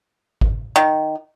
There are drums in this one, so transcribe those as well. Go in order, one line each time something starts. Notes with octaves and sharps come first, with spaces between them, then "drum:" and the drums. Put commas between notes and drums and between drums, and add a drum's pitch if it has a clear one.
drum: kick G#1
D#3